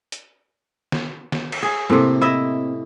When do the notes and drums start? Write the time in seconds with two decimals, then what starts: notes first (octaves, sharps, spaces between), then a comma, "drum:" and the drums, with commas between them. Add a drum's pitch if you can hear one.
0.12 drum: hi-hat
0.92 drum: snare
1.32 drum: snare
1.52 drum: cymbal
1.63 G#4
1.90 A2 C3 A#3 C4
2.21 E4 D#5 E5